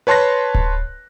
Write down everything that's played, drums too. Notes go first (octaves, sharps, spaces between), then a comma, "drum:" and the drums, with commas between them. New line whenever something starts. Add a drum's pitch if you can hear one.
B4 C#5 A5 C6 F#6 A#6
drum: kick D1